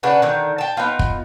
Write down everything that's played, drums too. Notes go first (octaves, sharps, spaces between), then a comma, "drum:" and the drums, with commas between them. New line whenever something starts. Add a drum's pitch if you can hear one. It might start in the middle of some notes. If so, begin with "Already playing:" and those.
C#3 D4 B4 F#5
D3 D#3
G5 A5
B3 D#4 F4
drum: kick